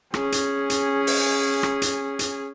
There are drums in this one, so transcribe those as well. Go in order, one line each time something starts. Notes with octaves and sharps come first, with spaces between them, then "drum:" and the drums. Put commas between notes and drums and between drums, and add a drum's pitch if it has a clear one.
C#4 G#4, drum: rim click
drum: hi-hat
drum: hi-hat
drum: open hi-hat
drum: rim click
drum: hi-hat
drum: hi-hat